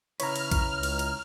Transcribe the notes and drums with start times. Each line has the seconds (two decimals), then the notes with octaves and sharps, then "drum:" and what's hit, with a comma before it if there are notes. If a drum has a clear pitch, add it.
0.20 C#3 E4 B4 C#5 A#5 F6, drum: cymbal
0.36 drum: cymbal
0.51 drum: kick A#1, cymbal
0.72 C#2
0.83 drum: cymbal
0.99 drum: cymbal